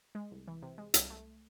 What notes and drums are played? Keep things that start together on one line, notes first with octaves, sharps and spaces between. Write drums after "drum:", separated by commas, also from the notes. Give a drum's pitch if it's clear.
G#3
C2
E3
C3
G#3
C2, drum: hi-hat
A3